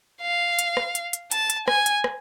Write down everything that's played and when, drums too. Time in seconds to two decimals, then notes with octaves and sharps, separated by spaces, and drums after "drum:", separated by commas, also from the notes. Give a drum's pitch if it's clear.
0.22 F5
0.59 drum: hi-hat
0.77 drum: rim click
0.95 drum: hi-hat
1.13 drum: hi-hat
1.31 A5, drum: hi-hat
1.50 drum: hi-hat
1.68 G#5, drum: rim click
1.86 drum: hi-hat
2.04 drum: rim click